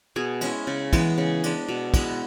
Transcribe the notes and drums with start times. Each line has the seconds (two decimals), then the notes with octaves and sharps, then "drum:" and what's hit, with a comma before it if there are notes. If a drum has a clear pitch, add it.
0.16 B2 G#4
0.41 G#3 C#4 E4, drum: cymbal
0.67 C#3
0.93 E3 G#3 B3, drum: kick, cymbal
1.18 C#3
1.44 G#3 D4, drum: cymbal
1.68 B2
1.94 G#3 B3 E4, drum: kick, cymbal